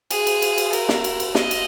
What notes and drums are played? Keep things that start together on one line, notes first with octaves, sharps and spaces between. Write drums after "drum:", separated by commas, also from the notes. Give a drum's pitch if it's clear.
G#4, drum: cymbal
drum: cymbal
drum: cymbal
drum: cymbal
A#4, drum: cymbal
drum: snare
drum: cymbal
drum: cymbal
D#5, drum: snare
drum: cymbal